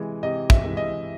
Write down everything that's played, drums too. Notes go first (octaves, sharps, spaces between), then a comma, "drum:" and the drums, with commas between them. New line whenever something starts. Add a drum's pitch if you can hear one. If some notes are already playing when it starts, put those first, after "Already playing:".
Already playing: C3 E3 G#3
C3 D#5
E5, drum: kick
E3 G#3
D#5